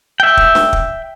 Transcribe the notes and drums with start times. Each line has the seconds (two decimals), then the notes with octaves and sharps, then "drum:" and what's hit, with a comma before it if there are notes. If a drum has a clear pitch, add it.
0.20 E5 G5
0.37 drum: kick
0.55 drum: snare D4
0.73 drum: kick